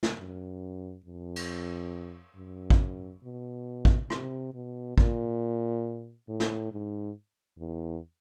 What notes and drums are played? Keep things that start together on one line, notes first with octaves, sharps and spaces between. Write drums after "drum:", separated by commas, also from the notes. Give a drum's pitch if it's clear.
drum: snare
F#2
F2
drum: cymbal
F#2
drum: kick
B2
drum: kick
C3, drum: rim click
B2
A#2, drum: kick
A2
drum: snare
G#2
E2